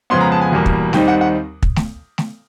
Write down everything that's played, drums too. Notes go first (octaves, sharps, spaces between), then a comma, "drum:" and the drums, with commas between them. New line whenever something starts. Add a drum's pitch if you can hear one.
F2 C#3 F3 G#3 B3 C6
A#5
A5
G#5
E2 B2 G3 A#3
drum: kick
D#2 D#3 G3 C4 D#4 G5, drum: snare A3
F#5
F#5
drum: kick
drum: snare A3
drum: snare A3